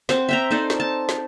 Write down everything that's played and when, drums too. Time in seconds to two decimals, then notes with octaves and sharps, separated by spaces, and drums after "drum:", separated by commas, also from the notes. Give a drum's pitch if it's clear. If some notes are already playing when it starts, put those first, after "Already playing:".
0.09 C4 C5 F#5, drum: snare
0.29 E5 G5 A#5
0.51 D#4 A4 C5 D5
0.70 drum: snare
0.80 A5
1.09 drum: snare